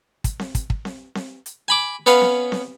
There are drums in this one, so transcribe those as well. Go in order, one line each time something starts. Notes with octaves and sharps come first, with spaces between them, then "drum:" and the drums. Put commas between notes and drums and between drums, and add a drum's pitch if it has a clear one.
drum: kick, hi-hat
drum: snare C4
drum: kick, hi-hat
drum: kick
drum: snare C4
drum: snare C4
drum: hi-hat
G#5 B5 D6
B3 C#4 B4 C#5 F5, drum: hi-hat
drum: snare C4
drum: snare C4